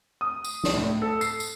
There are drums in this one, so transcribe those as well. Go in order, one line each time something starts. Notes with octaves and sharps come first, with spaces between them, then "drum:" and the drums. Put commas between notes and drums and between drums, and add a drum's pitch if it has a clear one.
D#6
drum: tambourine
drum: snare
A2
A4
C7, drum: tambourine
drum: tambourine